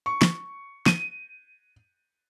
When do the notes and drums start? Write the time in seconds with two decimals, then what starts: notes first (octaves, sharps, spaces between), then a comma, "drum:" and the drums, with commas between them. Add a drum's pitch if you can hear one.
0.06 C#6
0.22 drum: snare
0.86 D#7, drum: snare